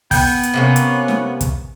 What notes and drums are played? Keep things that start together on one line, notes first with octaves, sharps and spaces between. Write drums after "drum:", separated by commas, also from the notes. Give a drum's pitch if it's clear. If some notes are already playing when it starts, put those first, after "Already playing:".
B3 G5, drum: kick, open hi-hat
drum: hi-hat
C3 A#3 C#4
drum: hi-hat
drum: snare
drum: kick, hi-hat